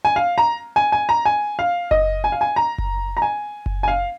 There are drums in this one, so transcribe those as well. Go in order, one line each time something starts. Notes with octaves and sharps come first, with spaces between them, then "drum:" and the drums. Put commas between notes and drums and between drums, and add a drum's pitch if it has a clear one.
G#5
F5
A#5
G#5
G#5
A#5
G#5
F5
D#5, drum: kick F#1
G#5
F5
G#5
A#5
drum: kick F#1
A#5
G#5
drum: kick F#1
G#5
F5